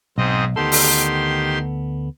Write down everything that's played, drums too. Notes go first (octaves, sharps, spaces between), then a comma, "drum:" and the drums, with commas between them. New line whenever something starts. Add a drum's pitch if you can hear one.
B1 G#2 C4 D#5
D2 D#3 B3 G4 A4 C6
drum: open hi-hat